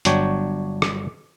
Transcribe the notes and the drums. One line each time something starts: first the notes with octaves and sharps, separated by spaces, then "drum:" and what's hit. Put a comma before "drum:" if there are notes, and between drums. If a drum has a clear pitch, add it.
G1 F#3 D4 C#5 G5, drum: hi-hat
drum: rim click